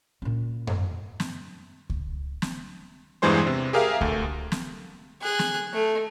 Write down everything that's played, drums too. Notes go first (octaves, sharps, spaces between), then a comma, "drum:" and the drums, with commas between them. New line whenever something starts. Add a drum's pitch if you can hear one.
A#2 C#4
drum: tom F#2
drum: snare
drum: kick C#2
drum: snare
E2 G2 E3 G#3 C5 C6
C3
G4 G#4 A#4 E5 F5
D2 A3, drum: kick C#2
drum: snare
G#4 F#6
drum: snare
A3